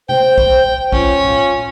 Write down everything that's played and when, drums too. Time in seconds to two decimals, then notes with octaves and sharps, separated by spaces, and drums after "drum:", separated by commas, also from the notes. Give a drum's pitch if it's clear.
0.09 C5 G5, drum: tom C3
0.38 drum: kick
0.93 C#4 F4, drum: kick
1.24 drum: tom A2